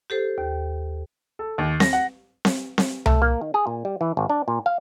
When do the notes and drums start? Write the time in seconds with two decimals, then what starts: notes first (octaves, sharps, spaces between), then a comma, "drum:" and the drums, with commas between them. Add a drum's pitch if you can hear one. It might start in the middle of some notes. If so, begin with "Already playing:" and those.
0.10 G4 A4 C5
0.38 D#2
1.39 A4
1.58 D#2
1.80 A#6, drum: snare C4
1.93 F#5
2.45 drum: snare C4
2.78 drum: snare C4
3.06 A3, drum: tom C2
3.22 A#3
3.41 D#3
3.54 G#4
3.67 A#2
3.85 G3
4.01 E3
4.17 G#1
4.30 D4
4.48 A#2
4.66 F5